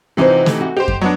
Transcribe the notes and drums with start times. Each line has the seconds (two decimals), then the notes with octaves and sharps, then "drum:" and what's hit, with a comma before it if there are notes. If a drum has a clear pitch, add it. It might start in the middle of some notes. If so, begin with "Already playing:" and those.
0.17 C3 E3 B3 D#4 F4 C5
0.46 A3, drum: snare
0.61 F#4
0.77 G4 C5 D#5
0.88 drum: kick F#2
1.01 F#3 B3 D4